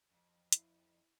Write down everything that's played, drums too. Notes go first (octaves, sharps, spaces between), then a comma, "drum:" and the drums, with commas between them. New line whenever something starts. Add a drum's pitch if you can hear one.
F2
E4 F5, drum: hi-hat